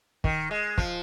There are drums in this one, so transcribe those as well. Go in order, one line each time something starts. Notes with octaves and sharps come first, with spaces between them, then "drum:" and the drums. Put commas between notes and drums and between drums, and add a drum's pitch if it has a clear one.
D#3, drum: kick
G#3
F3, drum: kick